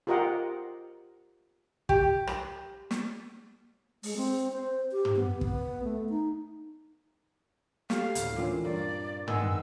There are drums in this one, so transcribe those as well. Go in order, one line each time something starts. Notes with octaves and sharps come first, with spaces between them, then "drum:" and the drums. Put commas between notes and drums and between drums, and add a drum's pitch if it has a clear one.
F4 G4 A#4 D#5 F5 F#5
G4, drum: kick
drum: rim click
drum: snare
G#3, drum: open hi-hat
C4
C5
G4
drum: tom
B3
B3, drum: kick
A3
D#4
A3 G4 F5, drum: snare
D2 A2, drum: hi-hat
A#2 D3 E3 C4 C#4
G2 A#3 D5
D#3 G#3 B3 G#5 E6, drum: tom